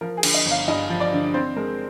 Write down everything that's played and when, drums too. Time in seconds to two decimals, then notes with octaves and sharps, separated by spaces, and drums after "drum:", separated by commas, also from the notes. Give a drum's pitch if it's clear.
0.01 F3 A#4
0.17 G#4
0.23 D3, drum: cymbal
0.34 D#5
0.46 G1
0.51 F5
0.68 G2 D#5
0.90 F3
1.00 D5
1.13 D3
1.34 C4 C5
1.56 G#3 A#4